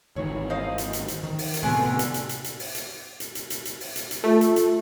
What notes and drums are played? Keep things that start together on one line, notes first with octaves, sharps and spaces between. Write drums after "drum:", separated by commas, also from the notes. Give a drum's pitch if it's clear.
G#1 D#3 E3 C#5
C5 D#5 F5
drum: hi-hat
drum: hi-hat
drum: hi-hat
D#3
drum: open hi-hat
drum: hi-hat
A2 C3 G#3 A3 B3
D3 G4
drum: hi-hat
drum: hi-hat
drum: hi-hat
drum: hi-hat
drum: open hi-hat
drum: hi-hat
drum: hi-hat
drum: hi-hat
drum: hi-hat
drum: hi-hat
drum: open hi-hat
drum: hi-hat
drum: hi-hat
A3 F4
drum: hi-hat
drum: hi-hat